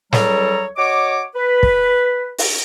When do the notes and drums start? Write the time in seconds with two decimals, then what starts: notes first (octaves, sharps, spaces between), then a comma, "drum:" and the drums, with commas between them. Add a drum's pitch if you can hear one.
0.13 C#2 F#3 G3 A4 C#5 A#5, drum: snare
0.77 F#4 C#5 D#5 D6
1.35 B4
1.63 drum: kick
2.38 drum: open hi-hat